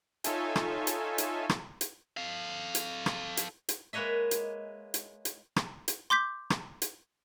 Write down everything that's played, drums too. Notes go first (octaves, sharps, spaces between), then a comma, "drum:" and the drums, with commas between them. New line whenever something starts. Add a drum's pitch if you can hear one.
D#4 F4 A4 C#5 E5 G#5, drum: hi-hat
drum: rim click
drum: hi-hat
drum: hi-hat
drum: rim click
drum: hi-hat
A4 F5
drum: hi-hat
drum: rim click
drum: hi-hat
drum: hi-hat
G#3 A#3 B4 C#5 D#5 E5
drum: hi-hat
drum: hi-hat
drum: hi-hat
drum: rim click
drum: hi-hat
C6 D6 G6 B6
drum: rim click
drum: hi-hat